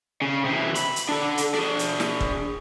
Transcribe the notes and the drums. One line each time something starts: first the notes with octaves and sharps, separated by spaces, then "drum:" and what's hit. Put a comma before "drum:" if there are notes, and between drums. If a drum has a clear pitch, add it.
C#3
C3 E3
B5, drum: hi-hat
drum: hi-hat
D4 A4
drum: hi-hat
D4 G#4
drum: hi-hat
drum: snare
drum: kick